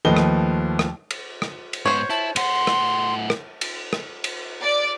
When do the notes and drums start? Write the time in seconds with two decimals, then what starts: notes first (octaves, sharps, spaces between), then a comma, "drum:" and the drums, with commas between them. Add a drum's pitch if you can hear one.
0.05 D#2 F3 A3 B4 D#5 G7
0.17 drum: rim click
0.79 drum: rim click
1.11 drum: cymbal
1.42 drum: rim click
1.73 drum: cymbal
1.86 G#2 B3 C5 C#5
2.10 E4 A5
2.36 A2 F#5 C6, drum: cymbal
2.67 drum: rim click
3.30 drum: rim click
3.61 drum: cymbal
3.93 drum: rim click
4.24 drum: cymbal
4.62 D5